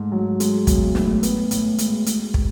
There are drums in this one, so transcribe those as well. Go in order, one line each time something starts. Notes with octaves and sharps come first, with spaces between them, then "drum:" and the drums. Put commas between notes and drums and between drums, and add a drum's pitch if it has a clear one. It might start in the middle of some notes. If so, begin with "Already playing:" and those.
Already playing: G#2 A3
F#3
G#3, drum: hi-hat
B1, drum: kick, hi-hat
A2, drum: snare
B3, drum: hi-hat
A2, drum: hi-hat
G#3, drum: hi-hat
G#3, drum: hi-hat
drum: kick